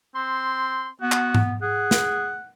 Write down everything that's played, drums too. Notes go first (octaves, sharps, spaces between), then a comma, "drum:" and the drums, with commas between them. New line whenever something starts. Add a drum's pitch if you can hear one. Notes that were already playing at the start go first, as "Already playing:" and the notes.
C4 C6
B3 F#4
drum: clap
drum: tom G#2
G#4 F#5
drum: snare